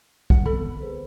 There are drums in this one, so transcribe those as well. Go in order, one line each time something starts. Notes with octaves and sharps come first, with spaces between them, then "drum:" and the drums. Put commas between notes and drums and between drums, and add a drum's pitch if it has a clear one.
B2 D3 F#5, drum: kick
E3 B3 C4 A4 B5
G#4 B4 C5